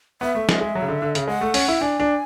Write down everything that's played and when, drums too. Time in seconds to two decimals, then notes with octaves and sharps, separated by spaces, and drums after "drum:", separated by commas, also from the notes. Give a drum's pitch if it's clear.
0.21 B3 E5
0.35 A3
0.49 G#3, drum: snare
0.61 G#3
0.75 F#3
0.82 C#3
0.88 D3
1.02 D3
1.15 C#3, drum: hi-hat
1.27 G#3 F#5
1.41 A3
1.54 C#4, drum: open hi-hat
1.68 E4
1.81 D4 G#5
2.00 D4